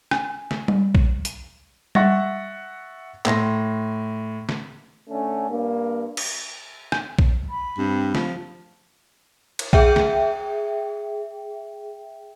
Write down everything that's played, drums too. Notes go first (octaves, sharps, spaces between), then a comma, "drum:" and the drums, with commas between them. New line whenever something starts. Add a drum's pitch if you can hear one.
G#5, drum: rim click
drum: snare
drum: tom G3
drum: kick A#1
drum: hi-hat
E5 F#5 C#6 F#6 A6 A#6, drum: tom G3
A2 C6 A#6, drum: clap
drum: snare
D3 A3 C#4
G2 A#3
drum: cymbal
drum: rim click
drum: kick A#1
B5
G2 C4
F3, drum: snare
drum: cymbal
G#4 E5 G5, drum: kick A#1
drum: snare